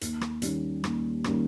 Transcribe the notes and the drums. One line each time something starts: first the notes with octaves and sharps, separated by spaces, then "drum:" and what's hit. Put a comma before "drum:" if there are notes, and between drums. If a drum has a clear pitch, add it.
D#2, drum: hi-hat
drum: rim click
D#3 G3 A#3 C#4, drum: hi-hat
D#2, drum: rim click
D#3 G3 A#3 C#4, drum: rim click